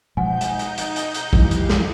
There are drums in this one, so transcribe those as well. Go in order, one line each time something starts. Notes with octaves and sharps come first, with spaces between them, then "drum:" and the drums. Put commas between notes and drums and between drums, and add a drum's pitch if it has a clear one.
B2 F3 G#3 D#4 F#5 G#5 G6
drum: hi-hat
drum: hi-hat
drum: hi-hat
drum: hi-hat
drum: hi-hat
F2 E3 F#3 G#3 G4 F5, drum: kick
drum: hi-hat
drum: snare